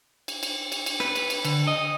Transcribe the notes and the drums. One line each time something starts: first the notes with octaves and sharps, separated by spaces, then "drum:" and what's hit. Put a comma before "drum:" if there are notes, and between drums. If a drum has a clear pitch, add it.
drum: cymbal
drum: cymbal
drum: cymbal
drum: cymbal
B4, drum: rim click
drum: cymbal
drum: cymbal
D3, drum: cymbal
D#5